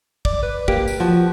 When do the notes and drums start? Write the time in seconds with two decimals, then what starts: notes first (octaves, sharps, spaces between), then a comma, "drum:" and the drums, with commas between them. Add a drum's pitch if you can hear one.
0.25 D5, drum: kick
0.43 B4
0.68 A#3 G4, drum: kick
0.88 drum: tambourine
1.00 F3 F#4